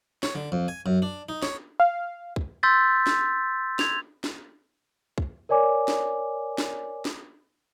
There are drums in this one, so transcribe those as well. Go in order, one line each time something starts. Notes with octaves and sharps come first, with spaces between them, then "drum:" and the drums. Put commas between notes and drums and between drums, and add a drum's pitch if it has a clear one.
C#5, drum: snare
D3
F2
G#5
F#2
D4
D#4
C#5, drum: snare
F5
drum: kick
C6 E6 G6 A6 B6
drum: snare
G#6 F7, drum: snare
drum: snare
drum: kick
A#4 C#5 D5 G#5 D6
drum: snare
drum: snare
drum: snare